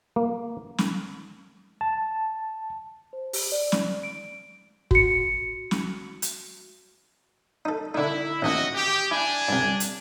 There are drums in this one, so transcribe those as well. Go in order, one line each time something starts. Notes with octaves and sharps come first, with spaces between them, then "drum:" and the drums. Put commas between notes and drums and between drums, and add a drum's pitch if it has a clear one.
A#3
drum: snare
A5
C5
G4, drum: open hi-hat
D5
drum: snare
D7
F#4 C#7, drum: kick
drum: snare
drum: hi-hat
D#4 A4
D3 D#4 E4
A1 D#2 E3 F#4 D#5
G4
D4 E4 G#5
C2 G2
drum: hi-hat